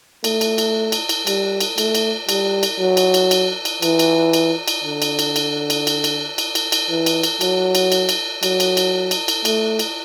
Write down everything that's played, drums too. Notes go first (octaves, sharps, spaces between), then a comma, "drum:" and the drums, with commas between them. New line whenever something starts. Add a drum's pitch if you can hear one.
A3, drum: cymbal
drum: cymbal
drum: cymbal
drum: cymbal
drum: cymbal
G3, drum: cymbal
drum: cymbal
A3, drum: cymbal
drum: cymbal
G3, drum: cymbal
drum: cymbal
F#3
drum: cymbal
drum: cymbal
drum: cymbal
drum: cymbal
E3, drum: cymbal
drum: cymbal
drum: cymbal
drum: cymbal
D3
drum: cymbal
drum: cymbal
drum: cymbal
drum: cymbal
drum: cymbal
drum: cymbal
drum: cymbal
drum: cymbal
drum: cymbal
E3
drum: cymbal
drum: cymbal
F#3, drum: cymbal
drum: cymbal
drum: cymbal
drum: cymbal
F#3, drum: cymbal
drum: cymbal
drum: cymbal
drum: cymbal
drum: cymbal
A3, drum: cymbal
drum: cymbal